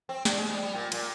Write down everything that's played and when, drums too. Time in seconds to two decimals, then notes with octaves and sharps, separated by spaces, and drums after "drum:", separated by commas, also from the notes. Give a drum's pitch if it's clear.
0.09 C4
0.25 D4, drum: snare
0.38 G#3
0.51 G3
0.62 G3
0.75 A#2
0.92 A#2, drum: cymbal